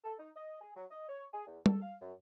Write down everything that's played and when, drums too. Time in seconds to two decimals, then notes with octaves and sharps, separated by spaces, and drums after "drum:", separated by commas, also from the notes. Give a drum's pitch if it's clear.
0.04 A4
0.19 D#4
0.36 D#5
0.61 G#4
0.76 F#3
0.91 D#5
1.09 C#5
1.33 G#4
1.47 E2
1.66 A4, drum: tom
1.82 F5
2.02 F#2